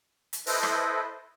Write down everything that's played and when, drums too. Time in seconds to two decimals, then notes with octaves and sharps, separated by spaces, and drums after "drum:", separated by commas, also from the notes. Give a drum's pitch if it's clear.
0.33 drum: hi-hat
0.47 E4 A4 B4 C5 D#5, drum: open hi-hat
0.63 drum: rim click